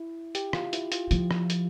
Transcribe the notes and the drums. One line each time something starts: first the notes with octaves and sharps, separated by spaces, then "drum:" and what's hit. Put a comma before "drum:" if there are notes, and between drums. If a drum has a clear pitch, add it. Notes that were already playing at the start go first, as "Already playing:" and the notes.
Already playing: E4
G4, drum: hi-hat
F4, drum: rim click
E4, drum: hi-hat
F4, drum: hi-hat
F3, drum: hi-hat
drum: rim click
drum: hi-hat